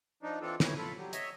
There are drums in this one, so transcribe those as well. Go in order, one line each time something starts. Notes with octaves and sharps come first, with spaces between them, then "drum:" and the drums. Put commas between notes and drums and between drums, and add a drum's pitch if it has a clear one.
F3 D4 D#4
E3 C4 D4 F4 A4
D2 E3 C#5 G#5, drum: snare
F4 A4 B5
F#3 G3
C#5 D#5 E5, drum: hi-hat